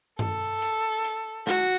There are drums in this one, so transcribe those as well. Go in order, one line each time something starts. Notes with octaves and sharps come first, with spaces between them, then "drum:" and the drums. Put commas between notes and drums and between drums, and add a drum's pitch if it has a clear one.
A4, drum: tom G2
drum: hi-hat
drum: hi-hat
F#4, drum: snare